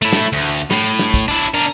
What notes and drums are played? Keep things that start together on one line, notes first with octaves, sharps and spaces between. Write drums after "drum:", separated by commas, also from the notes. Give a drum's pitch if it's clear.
A3 E4
drum: snare
D2
drum: hi-hat
A2, drum: snare
drum: hi-hat
drum: snare
drum: kick, hi-hat
D4 E4
drum: hi-hat
D4 A#4